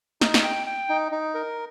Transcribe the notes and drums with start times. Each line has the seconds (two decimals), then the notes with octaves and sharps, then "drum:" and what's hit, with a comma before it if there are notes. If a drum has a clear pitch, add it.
0.21 D#4, drum: snare
0.34 drum: snare
0.44 G5
0.67 G5
0.89 D#4
1.12 D#4
1.35 A#4